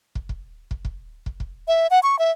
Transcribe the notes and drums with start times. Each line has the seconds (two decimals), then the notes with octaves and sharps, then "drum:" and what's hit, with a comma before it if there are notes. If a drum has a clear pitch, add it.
0.15 drum: kick
0.29 drum: kick
0.71 drum: kick
0.85 drum: kick
1.26 drum: kick
1.40 drum: kick
1.68 E5
1.90 F#5
2.03 C#6
2.19 E5